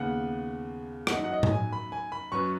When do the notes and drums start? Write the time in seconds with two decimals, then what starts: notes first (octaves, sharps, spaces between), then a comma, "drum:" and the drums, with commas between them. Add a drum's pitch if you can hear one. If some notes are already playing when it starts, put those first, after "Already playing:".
Already playing: D#2 C#3 B3 F#5
1.07 F#5, drum: rim click
1.13 F#2 F#3 D#4 D#5
1.24 F#5
1.33 D#5
1.43 drum: tom A2
1.52 G#5
1.73 B5
1.92 G#5
2.12 B5
2.32 F#2 F#3 C#4 B4 C#6